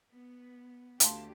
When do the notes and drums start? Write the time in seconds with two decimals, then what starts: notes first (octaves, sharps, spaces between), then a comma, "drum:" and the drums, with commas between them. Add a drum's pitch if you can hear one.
0.12 B3
1.00 D2 G4 F5 A5 C6, drum: hi-hat